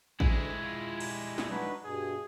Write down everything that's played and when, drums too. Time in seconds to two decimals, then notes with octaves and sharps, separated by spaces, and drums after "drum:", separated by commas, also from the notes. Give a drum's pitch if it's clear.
0.20 D2 G#3 E4 G#5, drum: kick
0.63 F4
1.00 G3 A#5, drum: cymbal
1.38 drum: snare
1.50 D4 D#4 F#4 B4
1.84 G2 B2 G#4